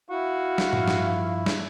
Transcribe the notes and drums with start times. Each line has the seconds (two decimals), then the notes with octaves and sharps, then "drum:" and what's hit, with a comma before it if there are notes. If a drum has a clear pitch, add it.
0.10 E4 F#4 F5
0.58 drum: snare
0.73 G2 F3, drum: tom A2
0.88 drum: snare
1.46 drum: snare